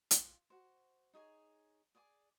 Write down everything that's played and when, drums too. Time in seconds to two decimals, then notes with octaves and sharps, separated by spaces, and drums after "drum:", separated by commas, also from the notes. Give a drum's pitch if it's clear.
0.11 F4 C6, drum: hi-hat
0.50 F#4 C5
1.14 D#4 G#4 C#5 G#5
1.95 G#4 D5 G#5 D6